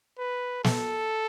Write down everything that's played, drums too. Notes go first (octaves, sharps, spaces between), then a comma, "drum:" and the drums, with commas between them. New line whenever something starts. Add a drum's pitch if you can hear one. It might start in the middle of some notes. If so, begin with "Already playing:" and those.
B4
A4, drum: snare